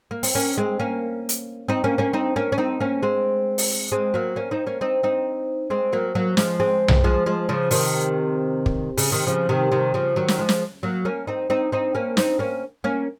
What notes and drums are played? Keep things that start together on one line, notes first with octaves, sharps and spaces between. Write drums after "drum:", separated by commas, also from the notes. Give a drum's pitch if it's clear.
A#3
C4, drum: open hi-hat
A#3 C#4
G#3 C4
A#3 C#4
drum: hi-hat
C4 D#4
A#3 C#4
A#3 C#4
C4 D#4
A#3 C#4
C#4
C4 D#4
A#3 C#4
G#3 C4
drum: open hi-hat
G#3 C4
F#3 A#3
A#3 C#4
C4 D#4
A#3 C#4
C4 D#4
C4 D#4
G#3 C4
F#3 A#3
F#3 A#3
F3 G#3, drum: snare
G#3 C4
drum: tom B1
F3 G#3
F3 G#3
C#3 F3
C3 D#3, drum: open hi-hat
drum: kick
C#3, drum: open hi-hat
C3 D#3
C#3 F3
C3 D#3
C3 D#3
C#3 F3
D#3 F#3
drum: snare
F3 G#3
drum: snare
F#3 A#3
A#3 C#4
C4 D#4
C4 D#4
C4 D#4
A#3 C#4
C4 D#4, drum: snare
A#3 C#4
A#3 C#4